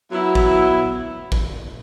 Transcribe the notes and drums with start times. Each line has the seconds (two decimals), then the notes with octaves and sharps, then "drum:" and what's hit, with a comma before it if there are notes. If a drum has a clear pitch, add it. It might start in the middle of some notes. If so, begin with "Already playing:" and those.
0.12 F#3 B3 E4
0.35 drum: kick
1.32 drum: kick